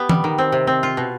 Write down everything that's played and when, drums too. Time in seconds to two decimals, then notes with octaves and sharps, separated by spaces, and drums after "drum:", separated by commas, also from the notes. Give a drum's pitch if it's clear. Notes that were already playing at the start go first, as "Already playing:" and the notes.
Already playing: B3 G4 B4
0.09 G3, drum: tom E3
0.24 D#3
0.38 C4
0.52 C3
0.67 C4
0.83 F4
0.97 B2